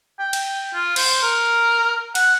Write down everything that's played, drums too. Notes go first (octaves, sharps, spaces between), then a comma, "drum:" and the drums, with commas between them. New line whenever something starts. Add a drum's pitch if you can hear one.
G5
drum: cymbal
F4
C5, drum: cymbal
A#4
F#5, drum: cymbal